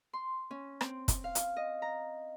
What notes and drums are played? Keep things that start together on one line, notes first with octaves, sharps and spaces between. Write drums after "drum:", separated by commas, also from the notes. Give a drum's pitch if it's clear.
C6
C#4
C4, drum: rim click
drum: kick, hi-hat
F5
drum: hi-hat
D#5
A#5